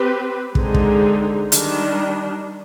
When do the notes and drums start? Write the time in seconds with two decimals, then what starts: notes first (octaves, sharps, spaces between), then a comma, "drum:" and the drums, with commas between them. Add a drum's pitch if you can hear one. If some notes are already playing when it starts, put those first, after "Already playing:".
Already playing: C4 G4 B4
0.55 D3 G#3 C4 D#4 G#4, drum: kick
0.74 drum: kick
1.52 D#3 G3 D4, drum: hi-hat